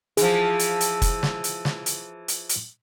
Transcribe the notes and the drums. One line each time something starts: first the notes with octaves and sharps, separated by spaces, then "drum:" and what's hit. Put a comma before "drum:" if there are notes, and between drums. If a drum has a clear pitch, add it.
E3 F3 G#4, drum: hi-hat
drum: hi-hat
drum: hi-hat
drum: kick, hi-hat
drum: snare
drum: hi-hat
drum: snare
drum: hi-hat
drum: hi-hat
drum: hi-hat